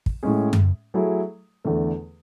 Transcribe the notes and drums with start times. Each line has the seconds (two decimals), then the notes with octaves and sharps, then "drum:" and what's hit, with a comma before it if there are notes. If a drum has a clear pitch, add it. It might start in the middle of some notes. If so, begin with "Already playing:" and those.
0.06 drum: kick
0.23 A2 G#3 C#4 G#4
0.53 drum: tom F#2
0.94 F#3 A3 E4 G#4
1.65 E2 D3 A3